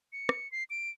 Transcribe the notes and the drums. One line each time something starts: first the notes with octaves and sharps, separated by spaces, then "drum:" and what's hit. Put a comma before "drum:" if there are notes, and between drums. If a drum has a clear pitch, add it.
C#7
drum: rim click
C7
D7